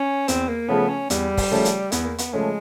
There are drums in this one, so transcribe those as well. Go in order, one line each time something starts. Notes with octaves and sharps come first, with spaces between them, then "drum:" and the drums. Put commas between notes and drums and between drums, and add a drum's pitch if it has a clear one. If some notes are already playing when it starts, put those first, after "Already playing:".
Already playing: C#4
E2 C4, drum: hi-hat
A#3
C#3 F3 A3 B3 C#4
C#4
E2 G3, drum: hi-hat
drum: kick, open hi-hat
C#3 F3 A3 C#4
drum: hi-hat
E2 B3, drum: hi-hat
A#3
B3, drum: hi-hat
C#3 F3 G#3 A3 C#4